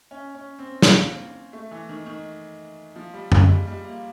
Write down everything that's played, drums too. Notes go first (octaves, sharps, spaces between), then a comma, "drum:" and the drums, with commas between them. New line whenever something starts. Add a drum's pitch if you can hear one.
C#4
C#4
C4
A#3, drum: snare
A3
E3
D#3
D#3
F3
G3
G#3, drum: tom F#2
G3
G3
A#3